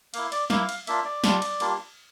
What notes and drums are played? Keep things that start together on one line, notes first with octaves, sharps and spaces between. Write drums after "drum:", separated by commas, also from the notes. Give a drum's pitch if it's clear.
A#3 E4 F5, drum: cymbal
D5, drum: cymbal
A#3 E4 F5, drum: snare
drum: cymbal
A#3 D4 F4 E5, drum: cymbal
D5
G3 D4 F4, drum: snare
drum: cymbal
G3 A#3 D4 F4, drum: cymbal